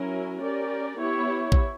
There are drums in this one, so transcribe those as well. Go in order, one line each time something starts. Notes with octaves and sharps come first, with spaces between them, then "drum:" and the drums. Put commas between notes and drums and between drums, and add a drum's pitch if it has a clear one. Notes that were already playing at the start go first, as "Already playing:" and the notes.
Already playing: F#3 C#4 E4 A#4
C#4 G4 A#4 D5
B3 E4 G4 C#5
drum: kick